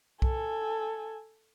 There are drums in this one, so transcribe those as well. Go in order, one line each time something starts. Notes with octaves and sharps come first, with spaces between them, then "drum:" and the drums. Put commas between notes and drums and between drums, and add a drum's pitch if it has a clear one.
A4 G#5, drum: kick B1